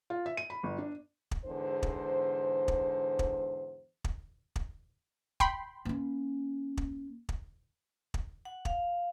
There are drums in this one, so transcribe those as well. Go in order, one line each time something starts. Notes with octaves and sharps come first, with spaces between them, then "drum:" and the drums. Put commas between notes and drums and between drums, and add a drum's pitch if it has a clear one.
F4
E5
D#7
B5
G1
D4
drum: kick
E2 G#2 D3 C5
drum: kick
drum: kick
drum: kick
drum: kick
drum: kick
G5 B5 C6, drum: kick
A#3 C#4
drum: kick
drum: kick
drum: kick
F#5
F5, drum: kick